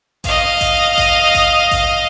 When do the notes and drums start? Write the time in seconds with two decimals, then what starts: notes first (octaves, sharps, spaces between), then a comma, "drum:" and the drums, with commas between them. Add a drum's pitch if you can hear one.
0.24 D#5 F5, drum: kick A1, hi-hat
0.61 drum: kick A1, hi-hat
0.98 drum: kick A1, hi-hat
1.35 drum: kick A1, hi-hat
1.71 drum: kick A1, hi-hat